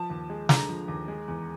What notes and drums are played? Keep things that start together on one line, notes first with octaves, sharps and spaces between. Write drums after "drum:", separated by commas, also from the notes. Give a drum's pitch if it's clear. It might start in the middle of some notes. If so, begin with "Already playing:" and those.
Already playing: F3 A5
D#2
G#3
D3 A#5, drum: snare
F3
D#2
G#3
E2